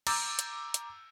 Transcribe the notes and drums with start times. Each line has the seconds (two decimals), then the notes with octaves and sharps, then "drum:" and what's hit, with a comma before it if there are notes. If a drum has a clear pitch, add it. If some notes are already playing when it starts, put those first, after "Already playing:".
0.07 A#5 D6 E6 G6 A6, drum: cymbal
0.39 drum: hi-hat
0.74 drum: hi-hat